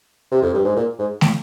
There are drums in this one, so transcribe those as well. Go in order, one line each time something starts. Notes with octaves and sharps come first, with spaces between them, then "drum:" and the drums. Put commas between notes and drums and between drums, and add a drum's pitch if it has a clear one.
C3
F2
G2
G#2
A#2
G#2
drum: snare